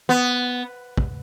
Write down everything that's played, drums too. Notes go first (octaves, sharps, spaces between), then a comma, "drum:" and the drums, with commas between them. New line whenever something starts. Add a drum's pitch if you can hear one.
B3
drum: kick